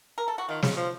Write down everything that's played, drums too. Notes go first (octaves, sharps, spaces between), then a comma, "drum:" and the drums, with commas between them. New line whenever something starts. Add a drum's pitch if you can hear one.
A#4
A4
F#4
D#3 F4
C#3, drum: snare
F3